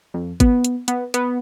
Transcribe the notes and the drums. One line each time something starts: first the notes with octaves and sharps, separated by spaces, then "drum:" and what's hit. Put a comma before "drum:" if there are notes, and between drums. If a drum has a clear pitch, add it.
F2
B3, drum: kick, hi-hat
drum: hi-hat
B3, drum: hi-hat
B3, drum: hi-hat